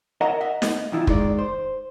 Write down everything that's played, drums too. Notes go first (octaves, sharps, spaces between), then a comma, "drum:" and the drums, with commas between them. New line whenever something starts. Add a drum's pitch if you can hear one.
A#4 C#5 D#5 E5 F#5 A#5
D#5 E5 F#5
drum: snare
E2 D#3 E4 F4
D#3 G#3 C#5 D5, drum: kick
C5